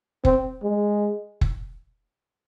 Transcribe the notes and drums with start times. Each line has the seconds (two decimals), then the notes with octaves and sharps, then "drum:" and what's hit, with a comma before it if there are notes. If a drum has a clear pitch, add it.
0.25 C4, drum: kick
0.63 G#3
1.41 drum: kick